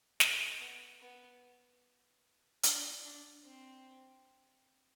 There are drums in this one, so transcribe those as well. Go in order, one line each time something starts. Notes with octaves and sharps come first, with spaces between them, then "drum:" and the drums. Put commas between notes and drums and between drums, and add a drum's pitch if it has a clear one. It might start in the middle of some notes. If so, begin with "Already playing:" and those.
A3, drum: snare
B3
B3
D4, drum: hi-hat
D4
C4